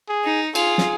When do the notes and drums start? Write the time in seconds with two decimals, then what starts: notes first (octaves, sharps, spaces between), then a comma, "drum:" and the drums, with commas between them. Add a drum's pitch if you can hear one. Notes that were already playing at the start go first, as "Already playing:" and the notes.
0.09 G#4
0.24 D#4
0.55 F4 G#4, drum: cymbal
0.78 drum: snare